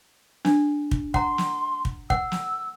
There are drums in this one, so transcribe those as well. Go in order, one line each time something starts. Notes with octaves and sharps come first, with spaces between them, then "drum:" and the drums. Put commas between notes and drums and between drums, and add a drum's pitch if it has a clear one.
D4, drum: snare
drum: kick
F#5 A#5 C6, drum: kick
drum: snare
drum: kick
F#5 E6, drum: kick
drum: snare